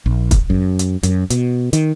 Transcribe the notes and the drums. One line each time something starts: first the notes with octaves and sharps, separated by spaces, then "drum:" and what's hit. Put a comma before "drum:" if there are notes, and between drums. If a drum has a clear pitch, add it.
A#1
drum: kick, hi-hat
F#2
drum: hi-hat
F#2, drum: hi-hat
B2, drum: hi-hat
D#3, drum: hi-hat